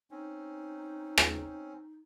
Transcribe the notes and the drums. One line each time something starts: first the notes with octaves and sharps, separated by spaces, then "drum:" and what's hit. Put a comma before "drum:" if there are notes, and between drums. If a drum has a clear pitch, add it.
C4 C#4 D#4
drum: rim click